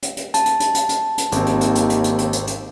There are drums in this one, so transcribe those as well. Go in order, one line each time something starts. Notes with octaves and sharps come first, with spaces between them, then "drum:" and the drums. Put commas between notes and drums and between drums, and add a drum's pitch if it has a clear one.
drum: hi-hat
drum: hi-hat
A5, drum: hi-hat
drum: hi-hat
drum: hi-hat
drum: hi-hat
drum: hi-hat
drum: hi-hat
G#1 D#2 C4, drum: hi-hat
drum: hi-hat
drum: hi-hat
drum: hi-hat
drum: hi-hat
drum: hi-hat
drum: hi-hat
drum: hi-hat
drum: hi-hat